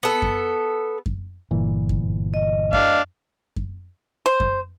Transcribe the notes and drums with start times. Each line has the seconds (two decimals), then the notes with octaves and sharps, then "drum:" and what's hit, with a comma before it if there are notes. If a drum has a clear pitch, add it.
0.03 B3 A4
0.22 drum: kick F#2
1.06 drum: kick F#2
1.51 G1 A#2 E3
1.89 drum: kick F#2
2.34 D#5
2.73 D4 F5, drum: kick F#2
3.56 drum: kick F#2
4.26 C5
4.40 drum: kick F#2